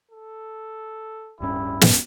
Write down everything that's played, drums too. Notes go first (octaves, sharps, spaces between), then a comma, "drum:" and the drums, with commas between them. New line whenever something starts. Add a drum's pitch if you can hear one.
A4
D1 G2 G3 C#4 E4
drum: snare